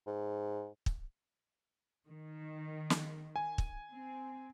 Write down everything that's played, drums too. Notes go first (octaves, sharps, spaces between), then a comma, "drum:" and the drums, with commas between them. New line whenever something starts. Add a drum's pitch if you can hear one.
G#2
drum: kick
D#3
drum: snare
G#5
drum: kick
C4